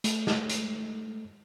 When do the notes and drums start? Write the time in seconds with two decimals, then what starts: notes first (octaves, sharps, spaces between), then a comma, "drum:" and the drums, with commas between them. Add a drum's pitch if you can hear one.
0.04 A3, drum: hi-hat
0.27 drum: snare
0.50 drum: hi-hat